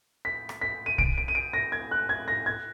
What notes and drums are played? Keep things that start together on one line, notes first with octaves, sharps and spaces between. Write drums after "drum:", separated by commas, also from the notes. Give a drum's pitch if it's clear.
B6
drum: rim click
B6
D#7
D7, drum: kick
D7
D#7
D7
A#6
G#6
F#6
G#6
A#6
G#6